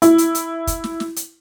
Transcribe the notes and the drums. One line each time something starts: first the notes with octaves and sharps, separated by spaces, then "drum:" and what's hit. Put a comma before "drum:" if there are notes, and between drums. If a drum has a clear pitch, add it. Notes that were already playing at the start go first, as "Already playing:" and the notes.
E4, drum: hi-hat
drum: hi-hat
drum: hi-hat
drum: kick, hi-hat
drum: snare
drum: snare
drum: hi-hat